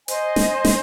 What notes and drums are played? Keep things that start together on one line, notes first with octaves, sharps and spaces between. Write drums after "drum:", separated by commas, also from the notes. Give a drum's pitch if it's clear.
C5 D#5 G#5, drum: hi-hat
drum: snare
drum: snare